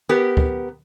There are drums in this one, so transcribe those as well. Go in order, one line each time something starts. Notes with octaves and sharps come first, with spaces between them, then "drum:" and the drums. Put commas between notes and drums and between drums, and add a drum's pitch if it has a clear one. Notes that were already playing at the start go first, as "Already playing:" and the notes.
B3 G4 A#4
drum: kick